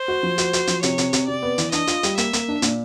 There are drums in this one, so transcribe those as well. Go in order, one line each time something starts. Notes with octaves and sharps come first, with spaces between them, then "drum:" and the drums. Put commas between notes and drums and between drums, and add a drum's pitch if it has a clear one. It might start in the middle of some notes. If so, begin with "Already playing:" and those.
Already playing: C5
F#4
F3
F#4, drum: hi-hat
F#4, drum: hi-hat
F3, drum: hi-hat
C3 C#5, drum: hi-hat
C3, drum: hi-hat
C3, drum: hi-hat
C3 D5
B3
E3, drum: hi-hat
D4 D#5, drum: hi-hat
F4, drum: hi-hat
G3, drum: hi-hat
A#3 E5, drum: hi-hat
A#3, drum: hi-hat
D4
A#2, drum: hi-hat